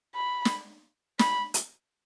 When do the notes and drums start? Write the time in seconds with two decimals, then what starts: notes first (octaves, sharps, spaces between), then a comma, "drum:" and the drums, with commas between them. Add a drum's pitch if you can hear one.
0.15 B5
0.45 drum: snare
1.19 B5, drum: snare
1.54 drum: hi-hat